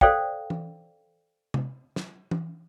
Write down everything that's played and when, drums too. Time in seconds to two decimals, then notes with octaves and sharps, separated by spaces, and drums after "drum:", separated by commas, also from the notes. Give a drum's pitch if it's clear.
0.01 A4 C5 D5 F5 G5, drum: kick
0.50 drum: tom E3
1.54 drum: tom C3
1.96 drum: snare
2.31 drum: tom E3